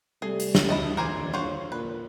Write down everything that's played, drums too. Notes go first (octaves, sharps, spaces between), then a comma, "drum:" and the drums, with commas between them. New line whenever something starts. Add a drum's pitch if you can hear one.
C3 G3 A3 G#4
drum: hi-hat
drum: snare
D2 F#3 D#4 E4 D#5 A5
D#1 E3 A#4 C5 G#5 D6 G#6
F4 F#4 C5 C#5
A#2 B4